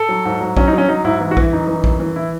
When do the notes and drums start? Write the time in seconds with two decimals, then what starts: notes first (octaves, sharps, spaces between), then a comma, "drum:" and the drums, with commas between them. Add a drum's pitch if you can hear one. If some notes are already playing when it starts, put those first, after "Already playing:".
Already playing: A4
0.09 F#3
0.25 G#2
0.41 F#3
0.57 F#3 C#4, drum: kick A#1
0.68 D#4
0.73 F#3
0.78 C#4
0.88 F#3 D#4
1.04 G#2 E4
1.20 E3 E4
1.31 F#4
1.37 E3 E4, drum: kick A#1
1.53 F#2 D#4
1.68 E3
1.84 F#2, drum: kick A#1
2.00 E3
2.16 E4